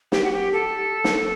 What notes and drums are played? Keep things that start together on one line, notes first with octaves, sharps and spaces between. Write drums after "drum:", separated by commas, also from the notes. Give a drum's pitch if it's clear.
G4, drum: snare
F#4
G4
A4
drum: snare